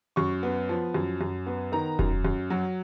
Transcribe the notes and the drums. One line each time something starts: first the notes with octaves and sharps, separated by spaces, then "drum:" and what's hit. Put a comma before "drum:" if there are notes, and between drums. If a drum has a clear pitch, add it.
F#2 C#6
B3
F3
F#2
F#2
B3
D#3 A#5
F#2, drum: kick E1
F#2
F#3